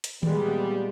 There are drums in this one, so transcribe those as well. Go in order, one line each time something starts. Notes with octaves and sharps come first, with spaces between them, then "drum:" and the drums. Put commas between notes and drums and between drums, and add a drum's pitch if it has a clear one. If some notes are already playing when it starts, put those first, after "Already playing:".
drum: hi-hat
A#2 G3 G#3 B3, drum: tom D#3